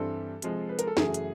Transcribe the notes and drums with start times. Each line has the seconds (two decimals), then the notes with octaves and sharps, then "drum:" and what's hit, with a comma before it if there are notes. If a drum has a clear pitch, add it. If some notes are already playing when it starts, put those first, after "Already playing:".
Already playing: G2 E3 G3 C4 A4
0.42 C3 F3 G#3, drum: hi-hat
0.69 B4
0.79 A#4, drum: hi-hat
0.87 A4
0.97 F#2 C#3 E3 A3 G#4, drum: snare
1.14 drum: hi-hat